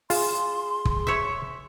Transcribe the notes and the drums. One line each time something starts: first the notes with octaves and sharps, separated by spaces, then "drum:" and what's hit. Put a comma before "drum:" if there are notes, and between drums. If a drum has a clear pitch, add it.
F4 G#4 C6, drum: open hi-hat
drum: kick
C#5 E5